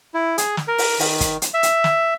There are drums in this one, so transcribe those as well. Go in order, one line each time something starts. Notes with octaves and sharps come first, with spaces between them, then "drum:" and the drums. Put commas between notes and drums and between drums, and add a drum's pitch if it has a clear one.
E4
G#4, drum: hi-hat
drum: snare
A#4
drum: open hi-hat
D#3, drum: open hi-hat
drum: kick, hi-hat
drum: hi-hat
E5
drum: hi-hat
drum: snare